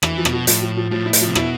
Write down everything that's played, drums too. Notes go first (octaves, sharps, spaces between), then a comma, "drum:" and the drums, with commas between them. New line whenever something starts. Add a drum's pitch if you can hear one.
E3 E4, drum: rim click
F3
B2, drum: rim click
F3
A2 F3, drum: hi-hat
F3
F3
A2 F3
E4
A2, drum: hi-hat
F3
C3
B2 E4, drum: rim click